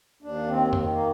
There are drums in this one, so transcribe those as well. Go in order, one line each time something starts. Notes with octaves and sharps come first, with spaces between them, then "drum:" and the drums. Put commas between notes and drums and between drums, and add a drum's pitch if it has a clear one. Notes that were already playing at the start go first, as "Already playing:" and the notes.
D#2 D4
D#3 C4
D#3, drum: tom F2
A#3